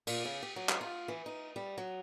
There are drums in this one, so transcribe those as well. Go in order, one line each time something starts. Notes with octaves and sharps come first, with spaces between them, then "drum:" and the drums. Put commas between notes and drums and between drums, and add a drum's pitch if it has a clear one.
A#2, drum: cymbal
C#3
G4
F#3
drum: clap
F4
E3
D#4
G3
F#3